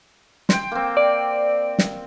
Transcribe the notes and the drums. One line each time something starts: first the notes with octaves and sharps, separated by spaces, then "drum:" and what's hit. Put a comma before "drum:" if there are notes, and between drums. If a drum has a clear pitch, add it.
G5 C6, drum: snare
A#3 C4
D5
drum: snare